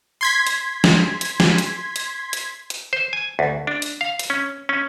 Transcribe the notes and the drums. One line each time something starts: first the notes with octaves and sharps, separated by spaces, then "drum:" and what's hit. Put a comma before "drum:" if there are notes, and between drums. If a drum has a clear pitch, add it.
C6 G#6 B6
drum: hi-hat
drum: snare
drum: hi-hat
drum: snare
drum: hi-hat
drum: hi-hat
drum: hi-hat
drum: hi-hat
C5
G#5
D2
D4
drum: hi-hat
F5
drum: hi-hat
C#4
C#4